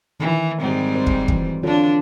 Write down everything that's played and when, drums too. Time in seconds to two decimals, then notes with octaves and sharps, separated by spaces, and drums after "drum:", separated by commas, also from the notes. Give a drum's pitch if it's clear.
0.20 D#3 E3
0.60 G#2 G3 C4
0.95 C5
1.07 drum: kick
1.28 E3 F#3, drum: kick
1.63 D3 D4 F4 A4 C#5